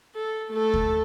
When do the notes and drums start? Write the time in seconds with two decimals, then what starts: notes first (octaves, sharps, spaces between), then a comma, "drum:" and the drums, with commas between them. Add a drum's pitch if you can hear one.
0.15 A4
0.51 A3 A4
0.74 drum: kick